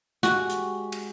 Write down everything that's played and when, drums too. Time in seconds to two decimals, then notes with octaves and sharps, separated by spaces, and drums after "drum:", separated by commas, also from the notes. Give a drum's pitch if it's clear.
0.23 G#3 F#4 G4, drum: snare
0.50 drum: hi-hat
0.92 drum: cymbal